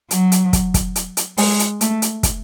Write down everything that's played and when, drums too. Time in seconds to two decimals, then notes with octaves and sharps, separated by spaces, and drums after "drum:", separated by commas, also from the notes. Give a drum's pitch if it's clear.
0.11 F#3, drum: hi-hat
0.32 drum: hi-hat
0.53 drum: kick, hi-hat
0.74 drum: kick, hi-hat
0.96 drum: hi-hat
1.17 drum: hi-hat
1.38 G#3, drum: open hi-hat
1.59 drum: hi-hat
1.81 A3, drum: hi-hat
2.02 drum: hi-hat
2.23 drum: kick, hi-hat